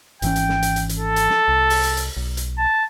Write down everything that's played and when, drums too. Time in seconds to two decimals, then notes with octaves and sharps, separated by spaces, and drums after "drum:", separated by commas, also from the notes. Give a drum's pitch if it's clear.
0.22 G#1 E3 C#4 G5, drum: hi-hat
0.36 drum: hi-hat
0.49 drum: snare
0.62 drum: hi-hat
0.76 drum: hi-hat
0.89 drum: hi-hat
0.99 A4
1.16 drum: hi-hat
1.30 drum: snare
1.48 C2
1.70 drum: open hi-hat
1.83 drum: hi-hat
1.97 drum: hi-hat
2.16 B1
2.37 drum: hi-hat
2.58 A5